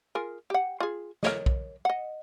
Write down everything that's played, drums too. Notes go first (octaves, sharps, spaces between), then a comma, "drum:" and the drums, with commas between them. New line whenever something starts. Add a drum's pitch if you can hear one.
F4 G#4 A#4
G4 F#5
F4 G#4
A#4 C#5 D#5, drum: snare
drum: kick
D#5 F#5